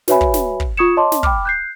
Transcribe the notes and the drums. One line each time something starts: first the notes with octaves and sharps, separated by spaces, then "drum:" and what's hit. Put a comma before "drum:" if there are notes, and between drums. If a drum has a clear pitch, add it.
F#4 B4 C#5 E5 G#5 B5, drum: snare
drum: kick
drum: snare
drum: kick
F4 C#6 D#6 G#6 C#7 E7
C#5 D#5 A5 C6 D6
drum: snare
G5 B5 D6 F6, drum: kick
F#6 G6 C7